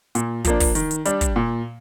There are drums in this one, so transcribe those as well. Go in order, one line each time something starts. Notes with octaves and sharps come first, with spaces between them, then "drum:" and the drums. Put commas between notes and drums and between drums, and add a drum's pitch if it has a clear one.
A#2, drum: hi-hat
F3 A#3 D4, drum: kick, hi-hat
drum: kick, open hi-hat
D#3, drum: hi-hat
drum: hi-hat
G3 D4, drum: hi-hat
drum: kick, hi-hat
A#2